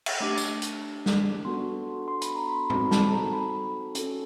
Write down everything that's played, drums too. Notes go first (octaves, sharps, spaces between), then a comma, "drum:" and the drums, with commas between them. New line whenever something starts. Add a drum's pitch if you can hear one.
drum: cymbal
A3 D4 G4 D6
drum: tambourine
drum: hi-hat
drum: snare
B3 D4 F#4 A4 C6
C6
B5, drum: hi-hat
A#5
B5
C4 D#4 F#4 A4 B5, drum: tom A2
A5, drum: snare
A#5
B5
C#4 F#4 A4, drum: hi-hat